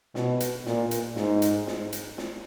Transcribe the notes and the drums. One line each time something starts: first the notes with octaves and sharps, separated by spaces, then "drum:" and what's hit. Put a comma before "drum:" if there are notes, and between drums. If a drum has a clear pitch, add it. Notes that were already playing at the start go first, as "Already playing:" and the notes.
B2, drum: snare
drum: hi-hat
A#2, drum: snare
drum: hi-hat
G#2, drum: snare
drum: hi-hat
drum: snare
drum: hi-hat
drum: snare